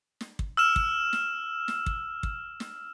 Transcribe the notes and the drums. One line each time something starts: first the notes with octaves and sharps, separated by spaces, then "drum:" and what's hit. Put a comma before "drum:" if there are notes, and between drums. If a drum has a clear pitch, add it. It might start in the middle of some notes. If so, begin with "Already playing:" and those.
drum: snare
drum: kick
E6 F6 E7
drum: kick
drum: snare
drum: snare
drum: kick
drum: kick
drum: snare